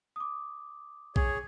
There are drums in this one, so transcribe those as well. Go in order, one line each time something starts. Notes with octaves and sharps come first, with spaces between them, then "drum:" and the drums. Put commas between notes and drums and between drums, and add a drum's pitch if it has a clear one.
D6 D#6
G#4 C#5, drum: kick A#1